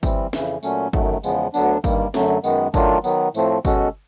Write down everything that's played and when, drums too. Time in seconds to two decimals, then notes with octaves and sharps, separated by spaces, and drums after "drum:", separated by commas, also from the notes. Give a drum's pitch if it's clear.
0.03 E3 G3 C4, drum: kick G1, tambourine
0.33 F2 C#3 E3, drum: snare
0.63 A#2 F#3 A3 C#4, drum: tambourine
0.93 F#2 D#3 F#3 A3, drum: kick G1
1.23 E2 C#3 F3 G#3 B3, drum: tambourine
1.54 D2 D3 F#3 B3 D4, drum: tambourine
1.84 G2 D#3 G3 A#3, drum: kick G1, tambourine
2.14 F#2 D3 F#3 A3, drum: snare
2.44 F#2 D#3 G#3 B3, drum: tambourine
2.74 D#3 F#3 A3 D4 F4, drum: kick G1, tambourine
3.04 D#3 F#3 B3, drum: tambourine
3.34 A2 F3 A3 C4, drum: tambourine
3.65 B2 G#3 C#4 F#4 A4, drum: kick G1, tambourine